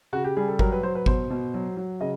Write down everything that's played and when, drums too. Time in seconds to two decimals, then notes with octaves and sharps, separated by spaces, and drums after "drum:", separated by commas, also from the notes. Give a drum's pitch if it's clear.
0.13 C#3 F#4
0.24 G4
0.37 G3 G#4
0.48 A4
0.59 F#3 A#4, drum: kick G#1
0.72 B4
0.83 F#3 C5
0.95 B4
1.06 B2 C5, drum: kick G#1
1.30 B2
1.54 F#3
1.77 F#3
2.01 C#3 D#5